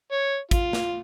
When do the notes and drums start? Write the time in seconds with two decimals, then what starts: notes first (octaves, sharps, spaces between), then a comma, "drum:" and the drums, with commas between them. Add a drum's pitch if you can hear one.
0.11 C#5
0.51 F4, drum: kick, hi-hat
0.73 drum: snare